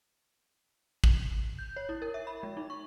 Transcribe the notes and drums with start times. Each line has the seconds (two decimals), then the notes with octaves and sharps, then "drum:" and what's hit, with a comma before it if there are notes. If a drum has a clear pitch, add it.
1.04 drum: kick
1.59 G6
1.76 C#5
1.89 E4
2.02 A#4
2.14 E5
2.27 B5
2.43 G#3
2.57 D#4
2.70 C#6